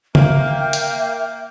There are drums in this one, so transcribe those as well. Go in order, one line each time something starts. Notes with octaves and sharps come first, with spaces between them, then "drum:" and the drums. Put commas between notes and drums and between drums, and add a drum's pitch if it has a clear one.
A#3 E5 G5, drum: tom C#3
drum: hi-hat